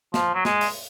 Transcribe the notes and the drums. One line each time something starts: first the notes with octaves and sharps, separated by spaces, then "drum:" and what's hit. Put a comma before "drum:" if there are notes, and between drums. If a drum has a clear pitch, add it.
F3, drum: snare
F#3
G#3, drum: snare
drum: open hi-hat